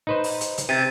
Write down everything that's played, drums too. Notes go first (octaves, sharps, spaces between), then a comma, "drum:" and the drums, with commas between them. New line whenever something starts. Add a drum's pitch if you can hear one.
D#4 B4 C5
drum: open hi-hat
drum: hi-hat
drum: hi-hat
C3 A6 B6 D#7